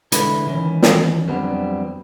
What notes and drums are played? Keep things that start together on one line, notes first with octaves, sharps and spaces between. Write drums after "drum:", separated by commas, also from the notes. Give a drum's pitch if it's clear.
D3 G#3 E4 A4 B4, drum: hi-hat
D#3 E3 C#4
drum: snare
F2 F#3 G3 B3 C4 D4